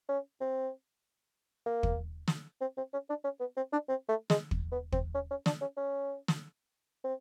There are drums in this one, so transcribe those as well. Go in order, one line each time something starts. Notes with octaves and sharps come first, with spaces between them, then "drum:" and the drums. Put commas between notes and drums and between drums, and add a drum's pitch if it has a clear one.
C#4
C4
A#3
drum: kick
drum: snare
C4
C4
C#4
D4
C#4
B3
C4
D4
C4
A3
G#3, drum: snare
drum: kick
B3
C4, drum: kick
C#4
C#4
D4, drum: snare
C#4
C#4
drum: snare
C4